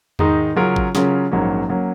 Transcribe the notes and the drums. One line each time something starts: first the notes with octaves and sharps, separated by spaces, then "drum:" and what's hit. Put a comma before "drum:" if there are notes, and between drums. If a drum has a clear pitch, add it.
G#2 D#3 G#3 D#4, drum: tom E2
C#3 F#3 C#4 F4 A#4
drum: kick G#1
C#3 F#3 C#4 F4 A#4, drum: snare
A#1 G#2 F#3 A#3 C#4
F#3 A#3 C#4